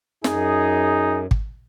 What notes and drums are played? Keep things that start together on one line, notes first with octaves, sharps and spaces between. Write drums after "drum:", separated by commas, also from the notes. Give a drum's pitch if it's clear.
F#2 D#4 G#4, drum: snare
drum: kick